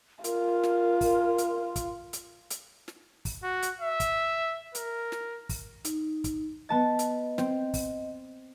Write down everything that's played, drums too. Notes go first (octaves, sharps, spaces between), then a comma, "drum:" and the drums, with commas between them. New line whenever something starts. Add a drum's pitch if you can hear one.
F4 A#4, drum: hi-hat
drum: snare
drum: kick, open hi-hat
drum: hi-hat
drum: kick, hi-hat
drum: hi-hat
drum: hi-hat
drum: snare
drum: kick, open hi-hat
F#4
drum: hi-hat
E5
drum: kick, hi-hat
A#4, drum: hi-hat
drum: snare
drum: kick, open hi-hat
D#4, drum: hi-hat
drum: kick, hi-hat
B3 D#5 A5 A6
drum: hi-hat
C4, drum: snare
drum: kick, open hi-hat